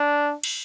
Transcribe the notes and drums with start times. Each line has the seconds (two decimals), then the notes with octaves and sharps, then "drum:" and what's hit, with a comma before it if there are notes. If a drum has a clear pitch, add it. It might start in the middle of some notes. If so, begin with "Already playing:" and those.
Already playing: D4
0.44 drum: cymbal